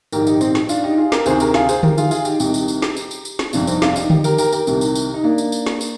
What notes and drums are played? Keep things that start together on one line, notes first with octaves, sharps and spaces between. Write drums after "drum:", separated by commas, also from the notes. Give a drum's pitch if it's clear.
A#1 G#2 D#3 G4 A#4, drum: tambourine
D#4 G4, drum: tambourine
C4 D#4, drum: tambourine
drum: snare
D4 F4, drum: tambourine
D#4 G4
F4 G#4
G4 A#4, drum: snare
D2 C3 D#3 G#4 C5, drum: tambourine
G4 A#4, drum: tambourine
F4 G#4, drum: snare
G#4 C5, drum: tambourine
G4 A#4, drum: tom D3
F4 G#4, drum: tambourine
F4 G#4, drum: tambourine
D#4 G4, drum: tambourine
C2 C3 D#3 D#4 G4, drum: tambourine
drum: tambourine
drum: tambourine
drum: snare
drum: tambourine
drum: tambourine
drum: tambourine
drum: snare
G1 F2 C3 D4 F4, drum: tambourine
C4 D#4, drum: tambourine
D4 F4, drum: snare
D#4 G4, drum: tambourine
D#4 G4, drum: tom D3
G4 A#4, drum: tambourine
G4 A#4, drum: tambourine
G4 A#4, drum: tambourine
C2 C3 D#3, drum: tambourine
drum: tambourine
drum: tambourine
D#4
A#3 D4
drum: tambourine
drum: tambourine
drum: snare
drum: tambourine